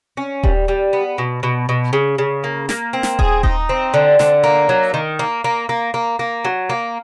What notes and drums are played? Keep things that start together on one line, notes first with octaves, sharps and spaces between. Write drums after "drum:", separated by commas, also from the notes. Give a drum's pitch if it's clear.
C#4
G3, drum: kick D#1
G3
B3
B2
B2
B2
C#3
C#3
A#3
A#3, drum: snare
C4
drum: snare
G#4, drum: kick D#1
D#4, drum: kick D#1
C4
D3
D3, drum: snare
A#3
F#3
D#3
A#3
A#3
A#3
A#3
A#3
F#3
A#3